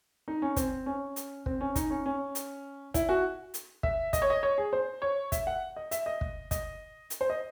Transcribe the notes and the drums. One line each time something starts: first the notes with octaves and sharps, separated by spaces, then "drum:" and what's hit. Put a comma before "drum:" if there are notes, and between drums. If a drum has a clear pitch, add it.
D#4
C#4
C4, drum: kick, hi-hat
C#4
drum: hi-hat
C4, drum: kick
C#4
D#4, drum: kick, hi-hat
C#4
C#4
drum: hi-hat
E4, drum: kick, hi-hat
F#4
drum: hi-hat
E5, drum: kick
D#5, drum: kick, hi-hat
C#5
D#5
C#5
G#4
C5
C#5
E5, drum: kick, hi-hat
F#5
D#5
E5, drum: hi-hat
D#5
drum: kick
D#5, drum: kick, hi-hat
drum: hi-hat
C5
D#5